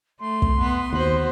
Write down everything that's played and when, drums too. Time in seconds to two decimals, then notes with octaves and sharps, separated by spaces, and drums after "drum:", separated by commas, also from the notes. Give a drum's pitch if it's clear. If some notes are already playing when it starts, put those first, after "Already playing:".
0.20 A3 C6
0.42 drum: kick
0.59 B3
0.93 D#2 B3 F#4 C5